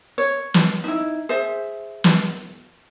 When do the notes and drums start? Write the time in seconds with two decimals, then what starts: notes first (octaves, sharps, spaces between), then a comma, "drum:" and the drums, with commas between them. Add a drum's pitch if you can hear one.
0.18 C#5
0.54 drum: snare
0.84 D#4 E4
1.29 G#4 C5 E5
2.04 drum: snare